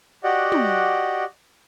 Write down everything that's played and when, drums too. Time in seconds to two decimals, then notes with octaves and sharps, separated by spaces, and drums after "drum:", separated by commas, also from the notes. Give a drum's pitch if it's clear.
0.24 F#4 G4 D5 D#5 F#5
0.52 drum: tom